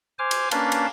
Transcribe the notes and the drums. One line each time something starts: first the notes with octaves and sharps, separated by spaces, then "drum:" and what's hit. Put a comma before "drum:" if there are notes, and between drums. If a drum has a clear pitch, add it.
C5 G#5 D6 F6
drum: cymbal
A#3 C#4 D4 B4 F5 A5, drum: cymbal
drum: cymbal